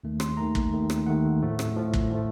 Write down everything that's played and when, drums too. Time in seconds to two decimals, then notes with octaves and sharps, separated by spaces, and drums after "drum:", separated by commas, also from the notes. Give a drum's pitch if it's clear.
0.04 D#2 D#3 A3
0.20 C6, drum: rim click
0.37 D#2 D#3 A3 A#5
0.55 drum: kick
0.73 D#2 D#3 A3
0.90 drum: rim click
1.06 D#2 D#3 A3 F#5
1.42 A2 F3 A3
1.59 drum: rim click
1.76 A2 F3 A3
1.93 drum: kick
2.10 A2 F3 A3